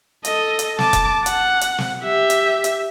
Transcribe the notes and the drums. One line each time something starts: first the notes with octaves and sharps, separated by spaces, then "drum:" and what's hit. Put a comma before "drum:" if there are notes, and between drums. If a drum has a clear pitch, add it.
A4 D#5, drum: hi-hat
drum: hi-hat
A5 D6, drum: snare
drum: kick E1, hi-hat
F#5, drum: hi-hat
drum: hi-hat
drum: snare
G4 E5
drum: hi-hat
drum: hi-hat